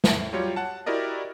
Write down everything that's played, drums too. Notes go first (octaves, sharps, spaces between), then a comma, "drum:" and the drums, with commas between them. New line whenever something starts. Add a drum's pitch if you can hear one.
A2, drum: snare
F#3 G3 F4 G4 C#5
F#5 A5
E4 F#4 G4 A#4 D5 D#5